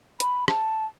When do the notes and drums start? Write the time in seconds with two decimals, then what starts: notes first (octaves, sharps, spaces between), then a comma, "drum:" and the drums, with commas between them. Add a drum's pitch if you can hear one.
0.20 B5, drum: hi-hat
0.48 A5, drum: rim click